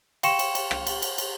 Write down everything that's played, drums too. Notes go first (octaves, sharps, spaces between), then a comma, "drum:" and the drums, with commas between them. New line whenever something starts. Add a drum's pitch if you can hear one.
F5 G5 C6 C#6 C#7 E7, drum: cymbal
drum: cymbal
drum: cymbal
drum: rim click
drum: cymbal
drum: cymbal
drum: cymbal